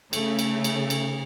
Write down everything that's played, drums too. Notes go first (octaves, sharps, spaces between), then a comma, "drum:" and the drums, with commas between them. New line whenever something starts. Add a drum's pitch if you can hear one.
C#3 A3, drum: cymbal
drum: cymbal
drum: cymbal
drum: cymbal